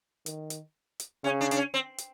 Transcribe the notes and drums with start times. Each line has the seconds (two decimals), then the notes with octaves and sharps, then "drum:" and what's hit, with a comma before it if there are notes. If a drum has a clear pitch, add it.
0.26 D#3, drum: hi-hat
0.50 drum: hi-hat
1.00 drum: hi-hat
1.24 C#3 C#4
1.41 D4
1.51 D4, drum: hi-hat
1.57 C#4
1.74 C4
1.98 drum: hi-hat